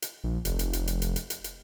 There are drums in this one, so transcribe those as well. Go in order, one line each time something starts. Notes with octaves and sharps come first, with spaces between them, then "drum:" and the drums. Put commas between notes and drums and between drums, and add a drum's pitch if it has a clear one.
drum: hi-hat
A#1
F1, drum: hi-hat
drum: hi-hat
drum: hi-hat
drum: hi-hat
drum: hi-hat
drum: hi-hat
drum: hi-hat
drum: hi-hat